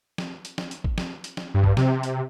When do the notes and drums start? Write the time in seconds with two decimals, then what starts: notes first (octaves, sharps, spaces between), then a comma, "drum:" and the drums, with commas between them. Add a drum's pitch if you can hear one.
0.18 drum: snare
0.45 drum: hi-hat
0.58 drum: snare
0.71 drum: hi-hat
0.84 drum: kick
0.98 drum: snare
1.24 drum: hi-hat
1.37 drum: snare
1.54 G2
1.64 drum: kick
1.77 C3, drum: snare
2.03 drum: hi-hat